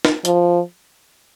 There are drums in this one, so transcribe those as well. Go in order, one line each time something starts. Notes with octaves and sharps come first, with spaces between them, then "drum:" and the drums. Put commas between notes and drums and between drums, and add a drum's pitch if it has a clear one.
drum: snare
F3, drum: hi-hat